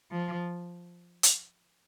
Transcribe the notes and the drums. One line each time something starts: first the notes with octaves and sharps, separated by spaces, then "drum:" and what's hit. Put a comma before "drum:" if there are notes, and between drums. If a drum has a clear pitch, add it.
F3
drum: hi-hat